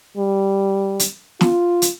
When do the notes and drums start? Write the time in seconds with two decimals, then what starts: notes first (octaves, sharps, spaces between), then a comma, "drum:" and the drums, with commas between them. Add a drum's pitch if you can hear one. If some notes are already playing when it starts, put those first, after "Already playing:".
0.18 G3
1.00 drum: hi-hat
1.41 F4, drum: snare
1.82 drum: hi-hat